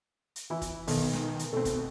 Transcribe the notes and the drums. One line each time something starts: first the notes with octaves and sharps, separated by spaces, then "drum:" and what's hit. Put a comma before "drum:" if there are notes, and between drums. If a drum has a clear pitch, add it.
drum: hi-hat
E3 E4
drum: kick, hi-hat
B1 D#3, drum: open hi-hat
drum: snare
drum: hi-hat
B2 A3 C4
drum: kick, hi-hat